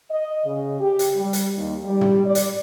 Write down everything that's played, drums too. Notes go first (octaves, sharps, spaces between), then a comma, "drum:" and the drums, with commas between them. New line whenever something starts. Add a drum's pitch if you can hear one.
D#5
C#3
G4
drum: hi-hat
G3
drum: hi-hat
D#2
G3
drum: tom
D5
drum: hi-hat